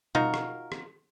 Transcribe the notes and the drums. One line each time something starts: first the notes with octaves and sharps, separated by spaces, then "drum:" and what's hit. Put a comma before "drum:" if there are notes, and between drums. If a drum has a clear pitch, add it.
D#4 F4 F#4 A#4, drum: tom B2
drum: rim click
drum: rim click